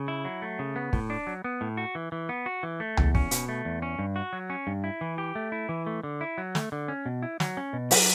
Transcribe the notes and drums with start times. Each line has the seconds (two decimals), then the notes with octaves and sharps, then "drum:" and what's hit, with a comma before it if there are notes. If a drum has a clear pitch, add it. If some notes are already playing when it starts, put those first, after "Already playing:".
Already playing: C#3
0.08 E4
0.25 F#3
0.42 A3
0.59 C#3
0.76 B3
0.93 A2, drum: kick
1.10 D4
1.27 F#3
1.44 B3
1.61 A2
1.77 F#4
1.95 E3
2.12 E3
2.29 B3
2.46 F#4
2.63 E3
2.80 A3
2.97 E2, drum: tom C#2
3.15 C#4, drum: kick
3.31 B2, drum: hi-hat
3.49 A3
3.65 E2
3.82 C#4
3.99 G2
4.16 F#4
4.33 F#3
4.50 C#4
4.67 G2
4.84 E4
5.01 E3
5.18 G4
5.35 A3
5.52 E4
5.69 E3
5.86 A3
6.03 D3
6.21 E4
6.38 F#3
6.55 A3, drum: snare
6.72 D3
6.88 C#4
7.06 B2
7.22 E4
7.40 F#3, drum: snare
7.57 C#4
7.73 B2
7.91 F#3, drum: open hi-hat